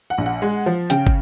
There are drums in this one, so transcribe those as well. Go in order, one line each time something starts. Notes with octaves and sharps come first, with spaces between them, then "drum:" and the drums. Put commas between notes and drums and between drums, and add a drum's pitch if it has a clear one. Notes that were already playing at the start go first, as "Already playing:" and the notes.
F#5
A#1
F#5
G#3
F3
C#3 G5, drum: hi-hat
drum: kick